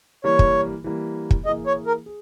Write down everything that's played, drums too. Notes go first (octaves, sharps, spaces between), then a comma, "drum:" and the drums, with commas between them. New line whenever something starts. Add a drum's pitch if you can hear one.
E3 G3 A#3 C#5
drum: kick
E3 G3 A#3
drum: kick
E3 A#3 E4 G#4 D#5
C#5
A#4
G#4